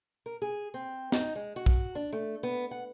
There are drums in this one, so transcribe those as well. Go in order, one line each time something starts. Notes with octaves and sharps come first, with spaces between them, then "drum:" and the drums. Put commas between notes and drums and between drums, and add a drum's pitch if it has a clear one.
A#4
G#4
C4
D#4, drum: snare
G#3
F#4
drum: kick
D4
A3
B3
F#5